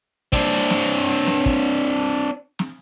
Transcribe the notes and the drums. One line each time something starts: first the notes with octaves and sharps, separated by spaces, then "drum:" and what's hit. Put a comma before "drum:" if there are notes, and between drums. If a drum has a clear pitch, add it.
C4 D4, drum: kick
drum: snare
drum: snare
drum: kick
drum: snare